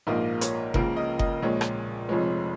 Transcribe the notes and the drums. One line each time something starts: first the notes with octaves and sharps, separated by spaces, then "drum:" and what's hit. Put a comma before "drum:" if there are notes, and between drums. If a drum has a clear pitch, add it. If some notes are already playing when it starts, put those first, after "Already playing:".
A#1 G#2 F3 A#3 D#5
C#5, drum: hi-hat
C#2 C#3 F3 A#3 A#4, drum: kick F#1
D#5
D#5, drum: kick F#1
A#1 A#2 G#3 C#5
drum: rim click
F1 F2 F3 G#3 C#5